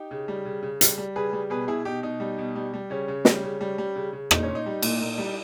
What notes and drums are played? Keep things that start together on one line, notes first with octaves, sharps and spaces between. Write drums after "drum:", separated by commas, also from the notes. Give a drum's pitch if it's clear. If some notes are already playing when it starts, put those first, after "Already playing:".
Already playing: D#4 G4
C#3
G3
C#3
C#3
G3, drum: hi-hat
G3
C#3 G#4 B4
G3
B2 G#4 B4
B2 E4 G#4
B2 D#4 G4
B2 D#4
G3
B2
G3
G3
C#3 C#4
C#3
G3, drum: snare
C#3
G3
G3
C#3
C#3
A#2 D#4, drum: rim click
C#4
A#2
D#4
G3
A#2, drum: cymbal
A#2
G3